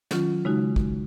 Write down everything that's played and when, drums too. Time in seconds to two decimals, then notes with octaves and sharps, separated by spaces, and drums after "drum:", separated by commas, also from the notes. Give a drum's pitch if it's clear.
0.11 D#3 F#3 C#4 F4, drum: snare
0.45 C#3 G#3 D#4 F#4
0.76 drum: kick